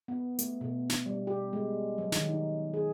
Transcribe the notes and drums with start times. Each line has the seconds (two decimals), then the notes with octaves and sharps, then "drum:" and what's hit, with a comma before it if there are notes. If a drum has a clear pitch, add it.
0.08 B3
0.39 A3, drum: hi-hat
0.61 B2
0.90 drum: snare
1.06 G3
1.27 G4
1.53 G#3
1.98 F#3
2.12 D#3, drum: snare
2.29 D#4
2.74 G#4